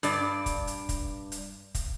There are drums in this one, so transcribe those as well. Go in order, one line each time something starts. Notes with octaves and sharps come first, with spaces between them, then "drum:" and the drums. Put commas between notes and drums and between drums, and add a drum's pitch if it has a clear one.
G2 D5, drum: hi-hat
drum: kick, hi-hat
drum: hi-hat
drum: kick, hi-hat
drum: hi-hat
drum: kick, hi-hat